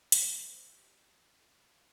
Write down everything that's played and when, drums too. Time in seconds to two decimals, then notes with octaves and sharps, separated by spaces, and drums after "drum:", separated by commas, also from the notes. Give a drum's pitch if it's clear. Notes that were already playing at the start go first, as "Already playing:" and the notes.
0.12 D5, drum: hi-hat
0.40 C5
0.70 G4
0.98 F4